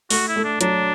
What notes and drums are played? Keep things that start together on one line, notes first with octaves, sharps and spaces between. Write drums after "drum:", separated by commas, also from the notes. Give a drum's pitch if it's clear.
A3 F#4, drum: open hi-hat
E4
A3
D4
F#3 D4, drum: hi-hat